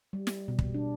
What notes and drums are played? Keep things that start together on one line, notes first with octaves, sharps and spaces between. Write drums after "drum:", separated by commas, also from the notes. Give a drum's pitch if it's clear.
G3
drum: snare
B2
drum: kick
D4